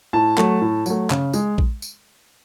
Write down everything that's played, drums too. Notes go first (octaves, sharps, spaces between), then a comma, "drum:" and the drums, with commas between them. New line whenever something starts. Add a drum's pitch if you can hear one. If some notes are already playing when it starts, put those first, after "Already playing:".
A2 A5
F#3 A3, drum: clap
A2
F#3 A3, drum: tambourine
C#3, drum: clap
G#3, drum: tambourine
drum: kick A#1
drum: tambourine